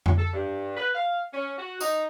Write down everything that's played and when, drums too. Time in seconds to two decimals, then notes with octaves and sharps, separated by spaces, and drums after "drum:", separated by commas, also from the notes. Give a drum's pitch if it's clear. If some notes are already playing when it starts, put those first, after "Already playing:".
0.06 drum: tom F2
0.18 A4
0.32 G2
0.77 B4
0.95 F5
1.33 C#4
1.58 F#4
1.80 D#4, drum: tambourine